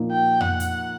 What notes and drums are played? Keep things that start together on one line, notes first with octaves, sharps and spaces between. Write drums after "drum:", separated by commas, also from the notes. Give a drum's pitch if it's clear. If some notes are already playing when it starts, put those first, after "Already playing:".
Already playing: A#2 F3 A#3 D#4
G5
F#5, drum: tom F2
drum: hi-hat